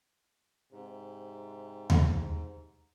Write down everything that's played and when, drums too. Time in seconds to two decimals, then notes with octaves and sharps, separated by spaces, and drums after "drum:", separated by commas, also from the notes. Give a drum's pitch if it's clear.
0.72 G#2 C3
1.90 drum: tom D#2